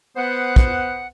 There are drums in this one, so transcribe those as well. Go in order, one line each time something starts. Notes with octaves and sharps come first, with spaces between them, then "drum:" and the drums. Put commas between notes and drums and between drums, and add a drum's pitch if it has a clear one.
B3 B4 C5 F#5
drum: kick